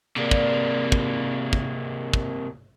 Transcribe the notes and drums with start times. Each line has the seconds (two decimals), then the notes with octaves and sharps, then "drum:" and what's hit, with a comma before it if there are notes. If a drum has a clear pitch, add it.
0.16 C3 G3 G#3 A#3 D4
0.31 drum: kick
0.92 drum: kick
1.53 drum: kick
2.13 drum: kick